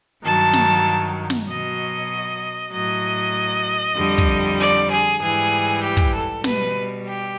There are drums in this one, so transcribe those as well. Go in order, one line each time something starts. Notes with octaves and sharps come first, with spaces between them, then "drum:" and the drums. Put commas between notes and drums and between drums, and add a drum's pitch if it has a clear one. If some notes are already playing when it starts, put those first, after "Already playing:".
G2 D#3 F#3 A5
drum: snare
drum: snare
B2 F#3 D#5
A2 F#3 D#5
F2 D3 G3
drum: kick
D5
G#4
G#2 E3 G3 G#4
G4
drum: kick
A4
B2 G3 B4, drum: snare
G4